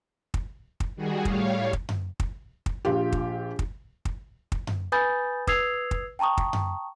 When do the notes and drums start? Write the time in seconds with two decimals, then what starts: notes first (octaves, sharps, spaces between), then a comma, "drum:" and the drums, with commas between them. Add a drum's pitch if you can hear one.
0.34 drum: kick
0.80 drum: kick
0.96 D#3 G3 F#4 G#4
1.25 A2 G3 C#5 F5, drum: kick
1.73 drum: kick
1.89 drum: tom F#2
2.20 drum: kick
2.66 drum: kick
2.85 A#1 F4 G4
3.12 drum: kick
3.59 drum: kick
4.05 drum: kick
4.52 drum: kick
4.67 drum: tom F#2
4.92 B4 G#5 B5 D#6 G6 A6
5.47 B4 D#6 E6 G#6 C7 F7, drum: kick
5.91 drum: kick
6.19 G5 A5 A#5 C#6 D#6
6.37 drum: kick
6.53 drum: tom F#2